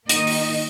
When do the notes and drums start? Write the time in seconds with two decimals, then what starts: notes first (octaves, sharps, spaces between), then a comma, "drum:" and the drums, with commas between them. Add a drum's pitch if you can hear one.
0.09 D#3 A#3 D#4 D#5, drum: hi-hat
0.27 drum: open hi-hat